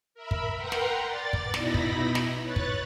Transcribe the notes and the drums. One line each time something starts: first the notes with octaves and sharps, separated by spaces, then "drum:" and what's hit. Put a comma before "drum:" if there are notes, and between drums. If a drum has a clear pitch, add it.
A#4 E5 B5
drum: kick
A#4 B4 F#5 G5 A#5 C6
drum: snare
D5 A6
drum: kick
B2 D#4 E4 B5 A#6, drum: snare
drum: kick
drum: snare
B4 C#5 F#6 A6
drum: kick